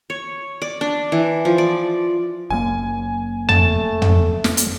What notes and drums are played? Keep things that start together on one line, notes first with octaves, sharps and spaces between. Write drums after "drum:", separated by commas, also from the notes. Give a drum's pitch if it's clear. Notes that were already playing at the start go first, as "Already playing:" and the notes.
C#5
D5
D4
E3
F3
D5
F#1 F#2 A#3 G#5
A3 A5, drum: tom
drum: tom
drum: snare
drum: hi-hat